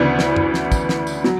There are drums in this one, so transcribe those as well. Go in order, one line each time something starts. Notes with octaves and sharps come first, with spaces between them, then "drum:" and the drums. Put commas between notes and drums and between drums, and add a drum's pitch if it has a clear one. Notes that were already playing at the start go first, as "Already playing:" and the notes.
Already playing: D2 C#3 E3 B3 D4
drum: snare
drum: tom F#2
drum: snare
drum: kick, tambourine
drum: snare
drum: tambourine
F#3, drum: snare